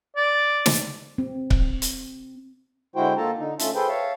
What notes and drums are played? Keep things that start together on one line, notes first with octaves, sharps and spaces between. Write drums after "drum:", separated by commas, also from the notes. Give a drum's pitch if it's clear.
D5
drum: snare
C4
drum: kick C#1
drum: hi-hat
D3 G#3 E4 F#4 C5 G5
A#3 F4 A4 A5 A#5
D3 D#4
A3 C#4 F4 E5 A5, drum: hi-hat
G#4 A4 B4 C5 G5
C#5 E5 F5 A5